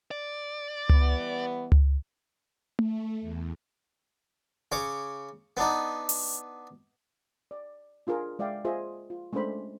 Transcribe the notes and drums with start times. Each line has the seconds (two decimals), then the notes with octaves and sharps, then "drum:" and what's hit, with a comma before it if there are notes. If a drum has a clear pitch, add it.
0.11 D5
0.89 E3 G3 B3, drum: tom C#2
1.72 drum: tom C#2
2.79 A3, drum: tom A3
3.21 E2
4.72 C#3 C#5 D6
5.57 B3 D4 D#4
6.09 drum: open hi-hat
7.51 D5
8.07 D4 F4 G#4 A#4
8.39 G#3 D5 E5 F5 G5
8.65 F4 G#4 C5 D#5 E5
9.10 F4
9.33 G#3 A3 C#4 D4 C5 B5